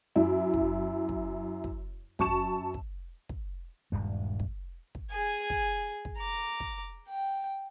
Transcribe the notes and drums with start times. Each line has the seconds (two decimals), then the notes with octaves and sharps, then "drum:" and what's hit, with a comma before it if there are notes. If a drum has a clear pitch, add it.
0.16 F#2 E4
0.54 drum: kick
1.09 drum: kick
1.64 drum: kick
2.19 F#2 A5 C#6 E7, drum: kick
2.74 drum: kick
3.29 drum: kick
3.92 D#1 G2 G#3
4.40 drum: kick
4.95 drum: kick
5.11 G#4 G#5
5.50 drum: kick
6.05 drum: kick
6.18 A#5 D6
6.60 drum: kick
7.09 G5